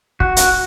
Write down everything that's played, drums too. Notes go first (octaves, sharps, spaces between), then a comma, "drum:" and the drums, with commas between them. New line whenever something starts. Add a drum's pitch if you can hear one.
F#4, drum: kick
drum: hi-hat